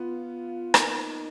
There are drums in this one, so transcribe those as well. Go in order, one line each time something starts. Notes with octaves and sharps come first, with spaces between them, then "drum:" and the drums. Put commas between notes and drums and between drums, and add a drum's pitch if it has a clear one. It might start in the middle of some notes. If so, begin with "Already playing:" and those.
Already playing: B3 F4
A#3 D#4, drum: rim click